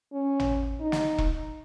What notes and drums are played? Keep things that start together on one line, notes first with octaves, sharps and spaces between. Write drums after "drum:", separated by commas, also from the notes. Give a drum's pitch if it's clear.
C#4
drum: tom
D#4
drum: snare
drum: kick E1